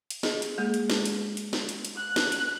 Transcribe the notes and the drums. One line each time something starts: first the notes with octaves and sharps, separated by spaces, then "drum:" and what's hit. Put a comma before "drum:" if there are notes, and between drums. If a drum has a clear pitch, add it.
drum: hi-hat
G#4 D#5, drum: snare
drum: hi-hat
G#3 A#3 G#4
drum: hi-hat
drum: snare
drum: hi-hat
drum: hi-hat
drum: snare
drum: hi-hat
drum: hi-hat
F#6
drum: snare
drum: hi-hat